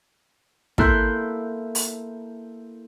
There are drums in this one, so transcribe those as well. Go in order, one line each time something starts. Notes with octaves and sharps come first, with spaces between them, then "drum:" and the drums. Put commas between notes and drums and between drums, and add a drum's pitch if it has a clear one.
A#3 E4 A4 C6 F#6 G6, drum: kick
drum: open hi-hat